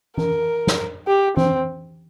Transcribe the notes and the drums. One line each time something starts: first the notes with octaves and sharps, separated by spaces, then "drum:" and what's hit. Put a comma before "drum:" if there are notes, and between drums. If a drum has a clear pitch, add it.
A#4, drum: tom E3
drum: snare
G4
C4, drum: tom E3